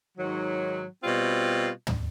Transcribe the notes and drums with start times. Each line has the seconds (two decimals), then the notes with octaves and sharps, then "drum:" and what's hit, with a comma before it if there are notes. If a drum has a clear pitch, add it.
0.18 G#2 D#3 F#3
1.02 B2 G3 C4 F4
1.87 drum: tom